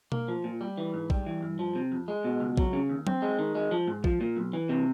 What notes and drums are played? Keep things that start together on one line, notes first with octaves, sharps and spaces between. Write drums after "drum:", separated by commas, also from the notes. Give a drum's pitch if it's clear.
A#3, drum: tom B2
F3
A#2
G3
E3
G#2
G3, drum: kick A#1
E3
G2
F3
C3
F2
G#3
B2
C#2
F#3, drum: kick A#1
C#3
D#2
C4, drum: tom F#3
G#3
D#3
G#3
F3
G#2
F3, drum: kick A#1
A#2
B1
E3
C3